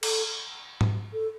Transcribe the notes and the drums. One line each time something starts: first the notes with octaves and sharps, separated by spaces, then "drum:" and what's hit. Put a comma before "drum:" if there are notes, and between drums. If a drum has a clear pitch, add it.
A4, drum: cymbal
drum: tom G#2
A4